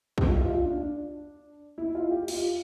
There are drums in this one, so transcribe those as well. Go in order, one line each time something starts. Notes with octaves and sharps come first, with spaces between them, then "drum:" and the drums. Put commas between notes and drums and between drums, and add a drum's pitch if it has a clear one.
G4, drum: kick
F4
F4
F4
D4
D4
E4
F4
G4
F4, drum: cymbal